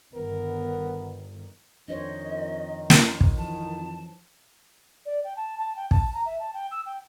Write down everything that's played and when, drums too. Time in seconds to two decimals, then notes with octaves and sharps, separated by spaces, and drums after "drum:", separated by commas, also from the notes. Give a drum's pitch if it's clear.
0.15 G1 D#3 B3 A#4
1.88 F2 D#3 D4 C5 C#5 D#5
2.90 drum: snare
3.21 drum: kick
3.38 E3 F3 A5
5.05 D5
5.24 G5
5.36 A5
5.58 A5
5.76 G5
5.91 A5, drum: kick
6.13 A#5
6.25 E5
6.39 A5
6.53 G5
6.71 E6
6.85 G5